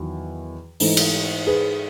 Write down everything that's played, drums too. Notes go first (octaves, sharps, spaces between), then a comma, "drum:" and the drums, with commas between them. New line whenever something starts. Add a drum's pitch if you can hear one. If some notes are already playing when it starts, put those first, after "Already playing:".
Already playing: E2 D#3 F#3
G#2 E3 A3 D#4, drum: open hi-hat
drum: cymbal
G#4 B4